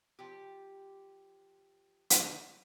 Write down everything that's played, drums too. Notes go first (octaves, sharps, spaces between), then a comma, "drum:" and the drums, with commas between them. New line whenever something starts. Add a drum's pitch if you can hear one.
F3 G4
drum: hi-hat